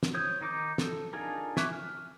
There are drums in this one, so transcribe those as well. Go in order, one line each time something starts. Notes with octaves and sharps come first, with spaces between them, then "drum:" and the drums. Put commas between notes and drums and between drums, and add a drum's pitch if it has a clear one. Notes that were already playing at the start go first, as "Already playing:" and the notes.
drum: snare
C5 C#5 D#6 G6
D#3 D#4 D6 G6
A4, drum: snare
D4 D#4 F4 G#4 A#4
E5 G#5 C#6 D6 F#6, drum: snare
F6